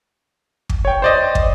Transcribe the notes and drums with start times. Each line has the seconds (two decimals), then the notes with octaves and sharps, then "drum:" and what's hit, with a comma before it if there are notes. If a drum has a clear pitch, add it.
0.69 drum: kick
0.85 C#5 G5
1.02 C5 D5 D#5
1.35 drum: kick